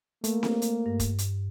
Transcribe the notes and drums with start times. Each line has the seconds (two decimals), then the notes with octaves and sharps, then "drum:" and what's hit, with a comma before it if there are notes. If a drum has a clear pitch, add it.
0.24 A3 A#3, drum: hi-hat
0.43 drum: snare C4
0.62 drum: hi-hat
0.86 G2
1.00 drum: kick, hi-hat
1.18 drum: hi-hat